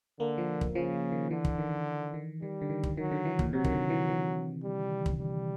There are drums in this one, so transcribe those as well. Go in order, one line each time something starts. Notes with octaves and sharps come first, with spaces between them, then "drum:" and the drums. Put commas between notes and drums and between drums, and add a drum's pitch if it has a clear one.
D3 A#3
F3
drum: kick
C#3 F3
D#3
D3 E3
drum: kick
D#3
D#3
D#3 G3
D3
D#3
drum: kick
D#3 F#3
D3
E3
A#2, drum: kick
C3 F#3
D#3, drum: kick
D3
E3
E3
G3
drum: kick
G3